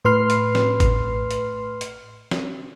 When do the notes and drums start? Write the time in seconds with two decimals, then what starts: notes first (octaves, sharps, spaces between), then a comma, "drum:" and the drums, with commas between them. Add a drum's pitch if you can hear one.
0.05 A2 B4 C6 F6 C7
0.30 drum: hi-hat
0.55 drum: snare
0.80 drum: kick G#1, hi-hat
1.31 drum: hi-hat
1.81 drum: hi-hat
2.31 drum: snare